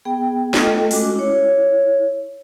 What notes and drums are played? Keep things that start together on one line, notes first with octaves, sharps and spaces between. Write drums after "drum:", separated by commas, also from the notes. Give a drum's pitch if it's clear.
B3 G#4 G5
A3 F4 A4 D#5 G5, drum: snare
G#3 C#4 F#4 D6, drum: open hi-hat
E4 C#5